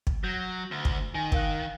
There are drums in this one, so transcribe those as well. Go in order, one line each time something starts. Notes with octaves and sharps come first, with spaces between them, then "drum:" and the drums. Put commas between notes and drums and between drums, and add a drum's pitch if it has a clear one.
drum: kick
F#3 G6 A#6
D2
drum: kick
D#3 G#5
A#4 F5 F#6, drum: kick